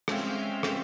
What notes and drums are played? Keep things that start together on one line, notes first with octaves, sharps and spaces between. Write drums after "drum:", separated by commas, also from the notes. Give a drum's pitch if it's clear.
G#3 C4 C#4 E5 F5 G5, drum: rim click
drum: rim click